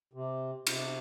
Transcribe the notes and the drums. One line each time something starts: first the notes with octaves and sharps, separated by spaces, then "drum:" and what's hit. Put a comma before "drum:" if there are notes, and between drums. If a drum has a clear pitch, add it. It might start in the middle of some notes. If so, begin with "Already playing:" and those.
C3
C3, drum: cymbal